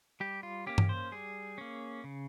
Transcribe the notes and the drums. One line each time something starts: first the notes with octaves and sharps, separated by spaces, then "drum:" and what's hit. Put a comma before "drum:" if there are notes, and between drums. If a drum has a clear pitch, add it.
G3 G4
F4
A#3 C#4 G4
drum: tom G2
C5
G3 G#4
A#3 C#4
C#3